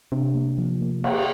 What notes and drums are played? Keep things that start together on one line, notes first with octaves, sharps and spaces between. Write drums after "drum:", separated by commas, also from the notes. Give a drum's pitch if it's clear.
C3 D4
A#3
F3
A#3
A#3, drum: cymbal